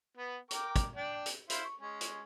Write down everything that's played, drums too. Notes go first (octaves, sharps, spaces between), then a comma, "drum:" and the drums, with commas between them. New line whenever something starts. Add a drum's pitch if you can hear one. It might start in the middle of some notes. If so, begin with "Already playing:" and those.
B3 B4
A#4 G5 D6, drum: hi-hat
drum: kick, hi-hat
D4 D5 G5
drum: hi-hat
E4 C5 F5, drum: hi-hat
C#6
G#3 C#4
drum: hi-hat